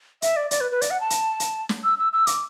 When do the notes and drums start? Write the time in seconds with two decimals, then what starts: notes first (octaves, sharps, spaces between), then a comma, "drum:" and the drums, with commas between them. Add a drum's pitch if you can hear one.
0.22 E5, drum: hi-hat
0.36 D5
0.51 D5, drum: hi-hat
0.61 B4
0.71 B4
0.81 D5, drum: hi-hat
0.91 F#5
1.00 A5
1.10 drum: hi-hat
1.40 drum: hi-hat
1.69 drum: snare
1.84 E6
1.99 E6
2.13 E6
2.27 D6, drum: hi-hat